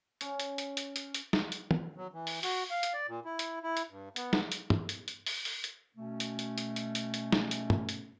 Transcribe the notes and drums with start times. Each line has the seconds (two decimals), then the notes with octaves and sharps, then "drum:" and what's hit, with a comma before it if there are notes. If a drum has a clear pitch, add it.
0.21 C#4, drum: hi-hat
0.40 drum: hi-hat
0.58 drum: hi-hat
0.77 drum: hi-hat
0.96 drum: hi-hat
1.14 drum: hi-hat
1.33 drum: snare
1.52 drum: hi-hat
1.71 drum: tom
1.97 F#3
2.13 E3
2.27 drum: open hi-hat
2.43 F#4, drum: open hi-hat
2.70 F5
2.83 drum: hi-hat
2.93 D5
3.08 A#2
3.25 E4
3.39 drum: hi-hat
3.63 E4
3.77 drum: hi-hat
3.90 G2
4.16 B3, drum: hi-hat
4.33 drum: snare
4.52 drum: hi-hat
4.70 drum: tom
4.89 drum: hi-hat
5.08 drum: hi-hat
5.26 drum: open hi-hat
5.45 drum: open hi-hat
5.64 drum: hi-hat
5.95 B2 A3 C#4
6.20 drum: hi-hat
6.39 drum: hi-hat
6.58 drum: hi-hat
6.76 drum: hi-hat
6.95 drum: hi-hat
7.14 drum: hi-hat
7.33 drum: snare
7.51 drum: hi-hat
7.70 drum: tom
7.89 drum: hi-hat